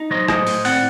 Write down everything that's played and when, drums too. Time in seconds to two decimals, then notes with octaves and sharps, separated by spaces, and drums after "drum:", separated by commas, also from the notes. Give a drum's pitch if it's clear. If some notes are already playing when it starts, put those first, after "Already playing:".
Already playing: D#4
0.11 F#3 C5 D#5
0.28 A2 C5 D#5, drum: rim click
0.47 A2, drum: open hi-hat
0.65 C4 D5 F#5, drum: open hi-hat